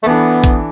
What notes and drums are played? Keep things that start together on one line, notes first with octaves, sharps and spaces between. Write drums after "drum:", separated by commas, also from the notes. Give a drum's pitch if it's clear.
A3
E3 B3 D4 A4
drum: kick A1, hi-hat